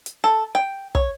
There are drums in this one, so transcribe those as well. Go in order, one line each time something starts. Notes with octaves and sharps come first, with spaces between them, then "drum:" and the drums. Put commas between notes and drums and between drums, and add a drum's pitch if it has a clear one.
drum: hi-hat
A4
G5
C#5, drum: kick